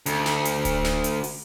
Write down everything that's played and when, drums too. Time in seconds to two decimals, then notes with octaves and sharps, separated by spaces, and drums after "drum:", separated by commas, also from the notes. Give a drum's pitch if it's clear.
0.06 D2, drum: hi-hat
0.26 drum: snare
0.45 drum: hi-hat
0.65 drum: kick D1, hi-hat
0.84 drum: snare
1.04 drum: hi-hat
1.24 drum: open hi-hat